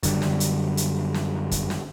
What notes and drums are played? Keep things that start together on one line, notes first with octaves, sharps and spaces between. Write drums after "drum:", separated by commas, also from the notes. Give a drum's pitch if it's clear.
F#2 D3 G3, drum: kick, hi-hat
drum: snare
drum: hi-hat
drum: hi-hat
drum: snare
drum: kick, hi-hat
drum: snare